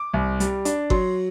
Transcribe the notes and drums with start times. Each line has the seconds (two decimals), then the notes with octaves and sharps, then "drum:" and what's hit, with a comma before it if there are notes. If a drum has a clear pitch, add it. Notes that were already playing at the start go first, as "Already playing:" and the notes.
Already playing: D6
0.13 C2
0.40 G3, drum: hi-hat
0.65 D4, drum: hi-hat
0.90 F#3 C6, drum: kick G1